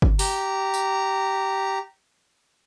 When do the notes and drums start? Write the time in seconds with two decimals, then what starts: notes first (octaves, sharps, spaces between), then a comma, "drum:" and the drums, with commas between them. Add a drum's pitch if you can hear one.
0.02 drum: kick G1
0.19 G4 A#5, drum: open hi-hat
0.74 drum: tambourine